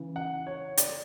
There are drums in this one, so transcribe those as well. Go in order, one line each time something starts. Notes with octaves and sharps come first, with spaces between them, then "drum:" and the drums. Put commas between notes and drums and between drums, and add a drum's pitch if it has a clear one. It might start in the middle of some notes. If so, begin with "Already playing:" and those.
Already playing: C#3 E3
F#5
C#5
D5, drum: hi-hat